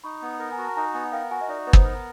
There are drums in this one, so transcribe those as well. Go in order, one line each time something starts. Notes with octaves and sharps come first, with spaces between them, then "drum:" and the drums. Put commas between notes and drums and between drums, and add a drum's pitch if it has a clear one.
D#4 B5 C#6
B3
A#4
G#5 A#5
F#4
A5
D#4 G#5 A#5
B3 F#5 G#5
A#4 F5 G5
F#4 F#5 G#5
D#5
D#4 D5 E5
B3 B4
C5, drum: kick
A#4